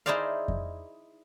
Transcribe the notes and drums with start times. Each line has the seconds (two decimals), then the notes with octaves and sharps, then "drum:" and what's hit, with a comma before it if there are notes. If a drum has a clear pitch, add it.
0.06 D#4 E4 G#4 C5 D5 F5
0.48 drum: kick F2